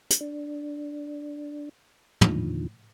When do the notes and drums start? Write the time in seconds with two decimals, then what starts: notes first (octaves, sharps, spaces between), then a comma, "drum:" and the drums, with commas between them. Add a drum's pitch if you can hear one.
0.10 drum: hi-hat
0.21 D4
2.21 E2 A#2 D3 D#3 F3, drum: tom